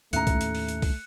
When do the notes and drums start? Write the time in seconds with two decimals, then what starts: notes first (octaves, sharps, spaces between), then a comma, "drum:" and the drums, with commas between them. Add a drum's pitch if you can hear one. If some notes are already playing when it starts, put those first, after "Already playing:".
0.13 D#2 A2 A3 C#4 E5 A#5 F#6 C#7, drum: hi-hat
0.27 drum: kick, hi-hat
0.41 drum: hi-hat
0.55 drum: open hi-hat
0.68 drum: hi-hat
0.82 drum: kick, open hi-hat